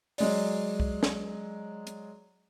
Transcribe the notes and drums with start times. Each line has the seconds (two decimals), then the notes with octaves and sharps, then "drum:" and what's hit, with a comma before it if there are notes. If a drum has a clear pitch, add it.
0.18 F#3 G#3 D5, drum: open hi-hat
0.80 drum: kick C2
1.03 drum: snare
1.87 drum: hi-hat